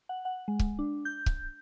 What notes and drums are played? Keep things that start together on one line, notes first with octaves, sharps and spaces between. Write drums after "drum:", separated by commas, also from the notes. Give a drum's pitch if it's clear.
F#5
F#5
G#3
drum: kick C#1
D4
G6
drum: kick C#1